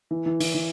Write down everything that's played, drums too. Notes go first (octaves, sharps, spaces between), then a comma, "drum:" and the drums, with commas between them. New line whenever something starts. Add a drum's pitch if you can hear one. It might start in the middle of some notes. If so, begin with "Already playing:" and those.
E3
E3
E3, drum: open hi-hat
E3